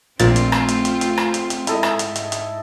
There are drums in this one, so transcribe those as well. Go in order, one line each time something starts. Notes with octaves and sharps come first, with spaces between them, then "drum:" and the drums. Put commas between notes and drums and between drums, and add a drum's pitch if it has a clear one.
A#1 A#2 A3 C4 F4 A6, drum: hi-hat
drum: hi-hat
drum: rim click
drum: hi-hat
drum: hi-hat
drum: hi-hat
drum: rim click
drum: hi-hat
drum: hi-hat
G#2 E4 A4 D#5, drum: hi-hat
drum: rim click
drum: hi-hat
drum: hi-hat
drum: hi-hat